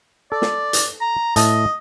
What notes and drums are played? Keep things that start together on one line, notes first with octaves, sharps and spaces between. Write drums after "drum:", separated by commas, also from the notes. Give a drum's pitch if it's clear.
A4 D5
drum: snare
drum: hi-hat
A#5
A2 D#5 E5 A5, drum: hi-hat